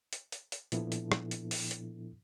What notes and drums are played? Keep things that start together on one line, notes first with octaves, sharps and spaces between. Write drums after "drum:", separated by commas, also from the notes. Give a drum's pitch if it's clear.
drum: hi-hat
drum: hi-hat
drum: hi-hat
A#2 F3 B3 D4 E4 A4, drum: hi-hat
drum: hi-hat
drum: rim click
drum: hi-hat
drum: open hi-hat
drum: hi-hat